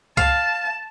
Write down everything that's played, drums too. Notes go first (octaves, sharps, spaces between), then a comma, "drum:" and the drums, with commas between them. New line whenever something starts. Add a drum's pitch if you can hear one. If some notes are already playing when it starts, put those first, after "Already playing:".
F5 A5, drum: kick C#2